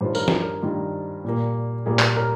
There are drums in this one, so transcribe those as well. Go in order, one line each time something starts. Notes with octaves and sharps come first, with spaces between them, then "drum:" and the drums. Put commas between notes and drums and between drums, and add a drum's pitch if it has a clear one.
G2 D#3 G3 D4 F4 C5
A#4, drum: tambourine
G#4, drum: snare
A#4
G2 D#3 G3 D4 F4
A#2 G3 A#3
A#2 G3 A#3 G#4
drum: clap
A#4